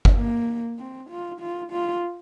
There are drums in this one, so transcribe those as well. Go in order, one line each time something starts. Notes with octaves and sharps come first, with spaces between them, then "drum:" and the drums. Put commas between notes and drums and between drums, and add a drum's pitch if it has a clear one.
drum: kick G1
A#3
C4
F4
F4
F4